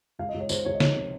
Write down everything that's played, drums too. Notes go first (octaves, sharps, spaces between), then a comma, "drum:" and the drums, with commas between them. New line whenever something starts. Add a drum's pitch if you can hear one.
C#2 F5
D#5
C#2
C#5
C#2 C5, drum: tambourine
C#2 C#5
D#5
F3 C#5, drum: snare
C3